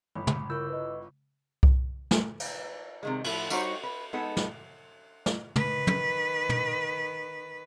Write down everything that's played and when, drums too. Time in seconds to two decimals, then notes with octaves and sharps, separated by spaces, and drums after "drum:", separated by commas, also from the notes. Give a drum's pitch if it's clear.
0.15 G1 B5
0.27 drum: tom
0.50 E4 F4 A#4 C#6 E6 G6
0.69 B4 D#5
1.63 drum: kick C2
2.11 drum: snare
2.40 drum: cymbal
3.03 C3 D#3 G#3
3.24 A2 F3 E4, drum: cymbal
3.50 G3 D#4 F#4 G4 C5 C#5, drum: tambourine
3.83 B4
4.13 G#3 B3 D#4 A4
4.37 drum: snare
5.26 drum: snare
5.56 D#3 B4, drum: tom
5.87 drum: tom
6.49 drum: tom